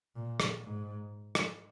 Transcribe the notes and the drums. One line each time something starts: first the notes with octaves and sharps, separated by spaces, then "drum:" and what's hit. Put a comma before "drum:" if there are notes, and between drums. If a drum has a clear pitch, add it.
A#2
drum: rim click
G#2
drum: rim click